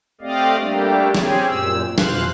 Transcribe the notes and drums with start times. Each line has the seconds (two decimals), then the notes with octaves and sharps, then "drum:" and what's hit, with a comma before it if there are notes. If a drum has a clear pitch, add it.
0.21 A3 C4 G4 D5 D#5 F5
0.60 G3 A3 A#3 D4 G4
1.15 C4 C#4 G4 G#4, drum: snare
1.47 F#2 A#2 E6
1.98 F2 B2 E3 C5 F5 F#6, drum: snare